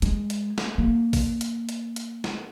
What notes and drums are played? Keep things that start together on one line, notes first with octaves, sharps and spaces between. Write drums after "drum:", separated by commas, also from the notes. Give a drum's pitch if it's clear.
G#3, drum: hi-hat
drum: hi-hat
drum: snare
A#3
drum: kick, open hi-hat
drum: hi-hat
drum: hi-hat
drum: hi-hat
drum: snare